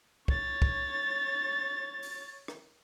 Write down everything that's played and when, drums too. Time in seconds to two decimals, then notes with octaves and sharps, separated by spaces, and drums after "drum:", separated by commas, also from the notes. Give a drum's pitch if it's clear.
0.28 C#5 A6, drum: kick
0.62 drum: kick
2.03 drum: open hi-hat
2.48 drum: rim click